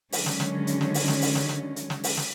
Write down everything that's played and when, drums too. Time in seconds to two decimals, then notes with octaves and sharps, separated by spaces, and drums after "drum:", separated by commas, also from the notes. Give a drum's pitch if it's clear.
0.12 D3 D#3 F#3 G#3 C#4, drum: open hi-hat
0.26 drum: snare
0.40 drum: snare
0.67 drum: hi-hat
0.81 drum: snare
0.94 drum: open hi-hat
1.08 drum: snare
1.22 drum: open hi-hat
1.35 drum: snare
1.49 drum: snare
1.76 drum: hi-hat
1.90 drum: snare
2.04 drum: open hi-hat
2.17 drum: snare